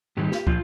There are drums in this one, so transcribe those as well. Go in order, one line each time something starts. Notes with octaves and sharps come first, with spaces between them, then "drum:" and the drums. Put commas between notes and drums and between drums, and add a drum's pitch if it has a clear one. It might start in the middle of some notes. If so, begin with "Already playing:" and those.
G#2 D#3 G3 G4
drum: snare
A#2 F3 F4, drum: kick